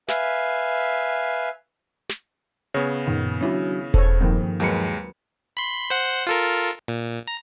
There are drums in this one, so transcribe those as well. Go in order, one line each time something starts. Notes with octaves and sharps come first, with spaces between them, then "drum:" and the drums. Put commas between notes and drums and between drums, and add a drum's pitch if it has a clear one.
B4 E5 F5 G#5, drum: snare
drum: snare
C#3 B3 C#5
F#2 A#2 D#3
F#3 C#4 D4 E4 F#4
A4 C5 C#5, drum: kick E1
G2 D#3 F3 A#3 C4
D#2 F#3 G#3 A#4 B4 C#7, drum: hi-hat
B5 C6
C5 F#5
F4 A4 A#4
A#2
A#5